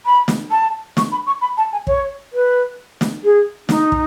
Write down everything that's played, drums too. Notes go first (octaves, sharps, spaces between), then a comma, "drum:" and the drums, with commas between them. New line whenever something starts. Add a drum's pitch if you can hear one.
B5
drum: snare
A5
C#6, drum: snare
B5
C#6
B5
A5
G#5
C#5, drum: kick
B4
drum: snare
G#4
D#4, drum: snare
drum: kick